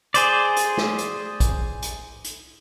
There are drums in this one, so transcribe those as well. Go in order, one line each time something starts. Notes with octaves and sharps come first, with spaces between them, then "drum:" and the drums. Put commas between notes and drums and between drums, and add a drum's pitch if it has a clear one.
G#4 C5 D5, drum: hi-hat
drum: hi-hat
drum: snare
drum: hi-hat
drum: kick A#1, hi-hat
drum: hi-hat
drum: hi-hat